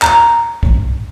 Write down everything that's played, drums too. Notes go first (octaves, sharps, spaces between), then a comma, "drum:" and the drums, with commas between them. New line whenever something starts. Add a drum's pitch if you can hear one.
A#5, drum: clap
drum: kick